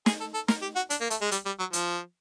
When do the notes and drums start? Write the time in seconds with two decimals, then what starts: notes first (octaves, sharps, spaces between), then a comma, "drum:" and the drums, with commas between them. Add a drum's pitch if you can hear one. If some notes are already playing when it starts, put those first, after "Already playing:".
0.06 G#4, drum: snare
0.20 A4
0.34 A4
0.48 A#4, drum: snare
0.62 G4
0.76 F#4
0.90 D4, drum: hi-hat
1.01 A#3
1.10 A3, drum: hi-hat
1.21 G#3
1.31 G3, drum: hi-hat
1.46 G3
1.59 F#3
1.73 F3, drum: hi-hat